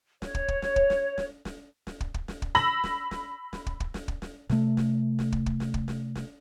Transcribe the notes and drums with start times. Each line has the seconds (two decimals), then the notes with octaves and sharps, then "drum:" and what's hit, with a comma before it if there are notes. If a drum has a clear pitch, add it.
0.22 C#5, drum: snare
0.35 drum: kick
0.48 drum: kick
0.62 drum: snare
0.76 drum: kick
0.90 drum: snare
1.18 drum: snare
1.45 drum: snare
1.87 drum: snare
2.01 drum: kick
2.14 drum: kick
2.28 drum: snare
2.42 drum: kick
2.55 B5 E6 A#6 F#7, drum: snare
2.84 drum: snare
3.11 drum: snare
3.53 drum: snare
3.67 drum: kick
3.80 drum: kick
3.94 drum: snare
4.08 drum: kick
4.22 drum: snare
4.50 C3 A3, drum: snare
4.77 drum: snare
5.19 drum: snare
5.32 drum: kick
5.46 drum: kick
5.60 drum: snare
5.74 drum: kick
5.88 drum: snare
6.15 drum: snare